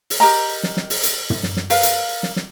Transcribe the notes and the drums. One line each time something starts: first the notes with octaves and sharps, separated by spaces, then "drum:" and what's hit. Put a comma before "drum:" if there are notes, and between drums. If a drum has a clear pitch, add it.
drum: open hi-hat
G4 A#4 D#5 A#5
drum: snare
drum: snare
drum: open hi-hat
drum: hi-hat
drum: tom
drum: snare
drum: snare
A#4 B4 F5, drum: open hi-hat
drum: hi-hat
drum: snare
drum: snare